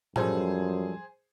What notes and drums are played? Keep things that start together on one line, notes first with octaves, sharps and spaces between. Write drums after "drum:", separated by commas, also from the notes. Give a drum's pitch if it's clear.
F#2 F3 G3 G#4 A4 C5, drum: tom A2